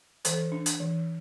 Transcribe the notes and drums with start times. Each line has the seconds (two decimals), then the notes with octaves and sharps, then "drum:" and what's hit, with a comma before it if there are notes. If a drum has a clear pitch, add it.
0.25 E3 A4 C5, drum: hi-hat
0.52 D4
0.66 drum: hi-hat
0.80 E3